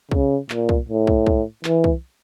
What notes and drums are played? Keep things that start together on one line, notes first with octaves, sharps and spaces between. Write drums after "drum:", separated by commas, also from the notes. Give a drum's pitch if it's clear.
C#3, drum: kick
A#2, drum: clap
drum: kick
A2
drum: kick
drum: kick
E3, drum: clap
drum: kick